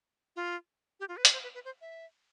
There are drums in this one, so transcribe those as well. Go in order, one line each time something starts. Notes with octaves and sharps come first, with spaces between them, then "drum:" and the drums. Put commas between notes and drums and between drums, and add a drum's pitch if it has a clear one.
F4
G4
F4
B4
D5, drum: hi-hat
C5
B4
B4
C5
E5